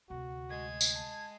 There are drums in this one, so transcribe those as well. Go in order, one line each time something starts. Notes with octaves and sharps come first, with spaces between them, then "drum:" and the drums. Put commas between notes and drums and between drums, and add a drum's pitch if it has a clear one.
D2 C3 F#4
G#3 G#6
drum: tambourine
A5